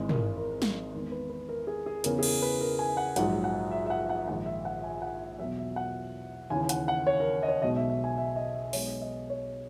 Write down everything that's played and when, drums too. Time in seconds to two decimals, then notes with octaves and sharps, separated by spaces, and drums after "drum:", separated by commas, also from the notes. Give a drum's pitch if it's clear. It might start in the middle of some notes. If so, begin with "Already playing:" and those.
Already playing: G#1 G#2 E3 G#3
0.09 A#4, drum: tom
0.37 A#4
0.62 drum: snare
0.93 E2 D#3 G#3 A#4
1.12 B4
1.30 B4
1.49 A#4
1.67 G#4
1.86 G#4
2.04 E2 C#3 E3 A#4, drum: hi-hat
2.19 G#4
2.23 A#4, drum: cymbal
2.42 B4
2.61 A#4
2.79 G#5
2.97 F#5
3.16 A#1 G#2 F#3 F#5, drum: hi-hat
3.44 F#5
3.71 E5
3.86 E5
3.90 F#5
4.10 F#5
4.27 A#1 G#2 D#3 F#5
4.46 E5
4.65 F#5
4.83 G#5
5.02 F#5
5.39 E2 B2 F#3 E5
5.58 E5
5.76 F#5
6.50 D#2 C#3 E3 G#5
6.69 F#5, drum: hi-hat
6.88 F#5
7.07 C#5
7.20 A#4
7.43 D#5
7.48 C#5
7.62 B1 B2 G#3 D#5
7.76 E5
7.90 E5
8.04 G#5
8.18 E5
8.36 D#5
8.55 E5
8.73 B1 B2 G#3 C#5, drum: open hi-hat
9.01 D#5
9.30 C#5